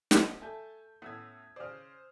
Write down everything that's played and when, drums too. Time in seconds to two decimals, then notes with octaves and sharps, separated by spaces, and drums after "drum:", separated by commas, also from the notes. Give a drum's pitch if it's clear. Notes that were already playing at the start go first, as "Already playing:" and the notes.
0.11 C#3 B3 D#5, drum: snare
0.42 A3 G#5 A5 G6
1.02 A2 B3 C#4 D#6 E6 G#6
1.56 C#3 C5 D5 D#6 F6